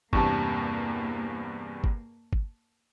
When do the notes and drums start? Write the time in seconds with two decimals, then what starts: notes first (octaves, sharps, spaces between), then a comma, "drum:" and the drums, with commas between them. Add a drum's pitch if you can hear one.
0.13 E2 G2 C3 A#3 A5 C#6, drum: kick G1
1.84 drum: kick G1
2.33 drum: kick G1